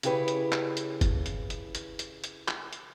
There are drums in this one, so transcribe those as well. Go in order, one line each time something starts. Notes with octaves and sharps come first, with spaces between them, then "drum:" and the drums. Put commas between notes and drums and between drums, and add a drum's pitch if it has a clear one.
C#3 E4 G4 G#4 B4 C#5, drum: hi-hat
drum: hi-hat
drum: clap
drum: hi-hat
drum: kick F#1, hi-hat
drum: hi-hat
drum: hi-hat
drum: hi-hat
drum: hi-hat
drum: hi-hat
drum: clap
drum: hi-hat